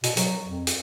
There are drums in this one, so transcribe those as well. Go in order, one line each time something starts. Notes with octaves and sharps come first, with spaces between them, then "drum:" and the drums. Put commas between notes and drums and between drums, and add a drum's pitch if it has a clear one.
B2, drum: hi-hat
F#3, drum: hi-hat
F2
drum: hi-hat